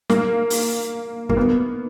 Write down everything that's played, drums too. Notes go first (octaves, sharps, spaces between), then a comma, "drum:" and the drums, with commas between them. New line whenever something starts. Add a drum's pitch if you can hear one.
A#3, drum: snare
drum: open hi-hat
A#3, drum: kick
B3